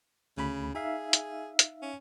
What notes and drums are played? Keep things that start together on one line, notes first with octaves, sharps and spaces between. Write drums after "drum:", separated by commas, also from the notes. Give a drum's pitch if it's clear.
D2 C#3 B5
D#4 G#4 E5 F5
drum: hi-hat
drum: hi-hat
C#4